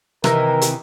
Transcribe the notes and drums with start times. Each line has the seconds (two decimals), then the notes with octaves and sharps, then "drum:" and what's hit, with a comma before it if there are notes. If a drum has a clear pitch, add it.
0.24 C3 D#3 E3 A#4, drum: rim click
0.61 drum: hi-hat